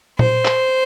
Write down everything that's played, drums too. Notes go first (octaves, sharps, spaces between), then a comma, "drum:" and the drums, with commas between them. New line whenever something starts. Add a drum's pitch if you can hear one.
C5, drum: tom A#2
drum: clap